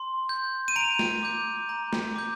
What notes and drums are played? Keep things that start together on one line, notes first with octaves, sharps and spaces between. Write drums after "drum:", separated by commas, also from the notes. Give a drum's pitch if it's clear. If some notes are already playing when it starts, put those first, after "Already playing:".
Already playing: C6
G6
D#7
A#5 D7 F7
drum: snare
D6 G6
A#5
drum: snare
D6 G6